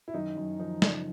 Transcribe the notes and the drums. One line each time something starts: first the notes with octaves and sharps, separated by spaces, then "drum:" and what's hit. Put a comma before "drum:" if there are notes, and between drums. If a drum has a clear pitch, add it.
E4
F#2 D#3 D#4
F#2
D#3 F3 D#4
C#3, drum: snare